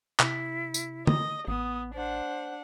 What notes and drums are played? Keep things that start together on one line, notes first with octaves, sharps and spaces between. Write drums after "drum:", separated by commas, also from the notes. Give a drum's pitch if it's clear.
C3 E4, drum: clap
drum: tambourine
D#5, drum: tom
A1 B3 D#6
D4 C5 F#5